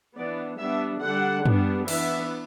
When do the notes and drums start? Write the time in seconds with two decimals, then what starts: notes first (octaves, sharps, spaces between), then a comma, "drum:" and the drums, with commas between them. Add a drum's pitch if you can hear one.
0.17 E3 B3 D4 D5
0.59 G3 B3 D4 E5
1.02 D3 G3 D4 F#5
1.46 G3 B3 D4, drum: tom
1.88 E3 B3 D4 E5, drum: cymbal